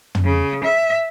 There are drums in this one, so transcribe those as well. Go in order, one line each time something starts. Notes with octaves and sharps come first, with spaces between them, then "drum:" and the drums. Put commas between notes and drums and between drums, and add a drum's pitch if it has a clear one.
drum: tom
C#3
E5